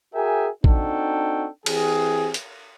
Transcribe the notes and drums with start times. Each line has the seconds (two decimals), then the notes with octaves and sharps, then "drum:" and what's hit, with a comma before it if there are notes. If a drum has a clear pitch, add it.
0.14 F#4 G#4 A#4 E5 G5 G#5
0.64 C4 D4 D#4 F#4 A4 G5, drum: kick
1.66 E3 C4 G4 G#4, drum: cymbal
2.34 drum: hi-hat